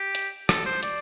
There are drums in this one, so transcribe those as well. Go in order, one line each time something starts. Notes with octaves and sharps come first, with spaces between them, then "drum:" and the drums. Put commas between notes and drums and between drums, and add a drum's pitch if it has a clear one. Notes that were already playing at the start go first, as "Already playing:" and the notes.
Already playing: G4
drum: hi-hat
A4, drum: rim click
C5
D5, drum: hi-hat